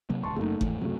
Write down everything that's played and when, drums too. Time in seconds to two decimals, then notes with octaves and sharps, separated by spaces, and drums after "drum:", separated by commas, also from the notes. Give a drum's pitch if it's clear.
0.10 C3 F#3 A#3
0.23 D#1 C#2 A5 C6 C#6
0.36 F#1 F#2 A3 A#3 D#4
0.61 D#2 G#2 E3 A3, drum: kick F#1
0.81 C#2 F#2 C3 F#3 A3